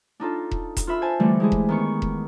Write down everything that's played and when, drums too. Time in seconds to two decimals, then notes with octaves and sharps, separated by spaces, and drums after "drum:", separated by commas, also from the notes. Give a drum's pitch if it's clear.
0.20 D4 D#4 F4 A4
0.51 drum: kick E1
0.77 drum: kick E1, hi-hat
0.87 F4 B4 E5 B5 E6
1.02 C5 G#5 A5
1.20 D3 E3 G3 A3
1.40 G#3 E4 G4 G#4
1.52 drum: kick E1
1.69 D#3 B3 C#6
2.02 drum: kick E1